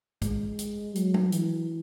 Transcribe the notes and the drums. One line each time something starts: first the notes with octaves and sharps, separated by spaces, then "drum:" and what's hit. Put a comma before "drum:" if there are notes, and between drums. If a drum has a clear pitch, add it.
G#3, drum: kick, hi-hat
drum: hi-hat
F#3, drum: hi-hat
drum: tom
E3, drum: hi-hat